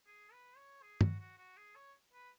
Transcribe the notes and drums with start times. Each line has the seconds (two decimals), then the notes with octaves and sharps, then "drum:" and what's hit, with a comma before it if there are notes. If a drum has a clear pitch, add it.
0.07 G#4
0.32 B4
0.57 C#5
0.82 G#4
1.01 F#4, drum: tom
1.20 F#4
1.38 F#4
1.57 G#4
1.76 C#5
2.13 B4